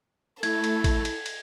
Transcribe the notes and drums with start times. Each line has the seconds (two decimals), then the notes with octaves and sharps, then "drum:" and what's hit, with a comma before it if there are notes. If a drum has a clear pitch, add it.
0.43 A3 E4 A4 G#6, drum: cymbal
0.64 drum: cymbal
0.84 drum: kick A1, cymbal
1.05 drum: cymbal
1.26 drum: cymbal